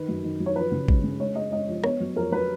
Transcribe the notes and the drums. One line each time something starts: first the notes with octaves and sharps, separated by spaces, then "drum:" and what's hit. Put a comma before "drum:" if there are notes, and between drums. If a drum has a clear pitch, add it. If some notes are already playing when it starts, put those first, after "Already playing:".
Already playing: D#3 B4
F#2
D#3
F#3
C#5
F3 B4
C#3
G#3, drum: kick
C#3
G#3 C#5
G#3 D#5
G#3 D#5
F3
B3 C#5, drum: rim click
F#3
F2 A#4
F#3 B4